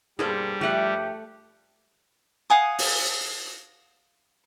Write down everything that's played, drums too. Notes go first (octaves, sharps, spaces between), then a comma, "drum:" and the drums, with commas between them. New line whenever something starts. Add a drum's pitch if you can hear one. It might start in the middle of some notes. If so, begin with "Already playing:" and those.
G2 B2 G3 A#3 G#4 A4 C5
G2 F3 A3 G4 E5 F#5
F5 F#5 G#5 D#6
drum: open hi-hat